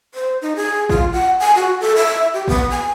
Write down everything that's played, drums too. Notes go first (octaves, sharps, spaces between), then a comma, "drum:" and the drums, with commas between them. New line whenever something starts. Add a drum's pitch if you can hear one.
C5
D#4
G#4
F4, drum: kick A1
F#5
G#5
F#4
A4
E5
G4
B3, drum: kick A1
G#5